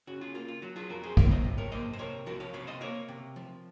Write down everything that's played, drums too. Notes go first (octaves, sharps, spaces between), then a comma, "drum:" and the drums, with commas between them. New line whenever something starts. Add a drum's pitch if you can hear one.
C#3 F#4
F4 G#4
A#3 F4
F4
F#3 F#4
F4 G#4
F2 F#4 A#4
G#4 C5
F#3 A#4 C#5, drum: kick
C5 D#5
C3
A#4 C#5
A#3 C5 D#5
C5
C3 A#4 C#5
F3 F#4 A#4
C#5 F5
C3 C#5 F5
C5 D#5
A#3 A#4 C#5
C3
F3